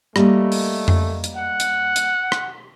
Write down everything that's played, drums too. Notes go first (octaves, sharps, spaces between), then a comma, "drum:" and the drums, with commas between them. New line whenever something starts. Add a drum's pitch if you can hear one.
G3 A3 A#3 D#5, drum: rim click
drum: open hi-hat
drum: tom F2
drum: hi-hat
F#5
drum: hi-hat
drum: hi-hat
drum: rim click